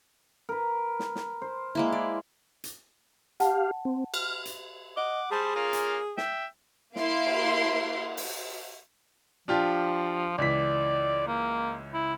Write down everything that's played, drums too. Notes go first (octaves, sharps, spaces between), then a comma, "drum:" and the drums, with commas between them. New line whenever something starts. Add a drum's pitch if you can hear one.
A#4 B4
drum: snare
drum: snare
C5
G#3 A#3 E4
D5
drum: hi-hat
G4 F5 F#5 A5, drum: hi-hat
C4
F6, drum: cymbal
drum: hi-hat
D#5 F#5 D6
G3 G#4 C5 A5
A#3 C#4 F4
drum: hi-hat
E5 G5, drum: snare
A#3 E4 F5 C6 C7 D7, drum: snare
drum: cymbal
drum: open hi-hat
F3 D4 F4 G4
C#2 E3 D5 B6
A#3
E4